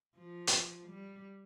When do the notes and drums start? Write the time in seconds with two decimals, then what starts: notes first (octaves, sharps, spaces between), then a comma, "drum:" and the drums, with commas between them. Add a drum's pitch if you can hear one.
0.16 F3
0.47 drum: hi-hat
0.88 G3